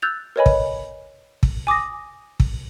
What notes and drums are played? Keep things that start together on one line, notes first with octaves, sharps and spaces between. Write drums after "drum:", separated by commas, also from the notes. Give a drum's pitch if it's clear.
E6 F#6 G6 A6 F7
A#4 B4 C#5 D#5 G#5 B5
drum: kick
drum: kick
G#5 D6 D#6 A#6
drum: kick